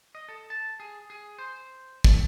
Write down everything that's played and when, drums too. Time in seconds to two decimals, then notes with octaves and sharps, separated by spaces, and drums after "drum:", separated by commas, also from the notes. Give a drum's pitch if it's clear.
0.15 D#5
0.29 A4
0.50 A5
0.80 G#4
1.10 G#4
1.39 C5
2.04 A4, drum: kick